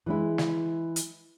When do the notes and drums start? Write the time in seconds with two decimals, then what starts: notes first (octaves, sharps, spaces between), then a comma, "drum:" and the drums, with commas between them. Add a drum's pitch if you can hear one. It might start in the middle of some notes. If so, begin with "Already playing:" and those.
0.06 E3 G#3 E4
0.38 drum: snare
0.96 drum: hi-hat